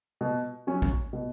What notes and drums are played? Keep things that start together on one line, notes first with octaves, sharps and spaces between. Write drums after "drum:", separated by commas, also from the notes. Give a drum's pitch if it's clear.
B2
F#3 C#4
drum: kick A1
B2